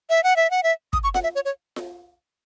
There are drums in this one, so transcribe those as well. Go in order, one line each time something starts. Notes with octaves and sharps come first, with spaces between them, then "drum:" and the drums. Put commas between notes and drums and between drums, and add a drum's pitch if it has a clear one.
E5
F#5
E5
F#5
E5
D#6, drum: kick
C#6
F#5, drum: snare F4
E5
C#5
C#5
drum: snare F4